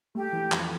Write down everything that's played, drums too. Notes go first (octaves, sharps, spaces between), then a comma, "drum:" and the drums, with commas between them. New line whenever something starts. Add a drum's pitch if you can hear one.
A3 G4
E3
F2, drum: clap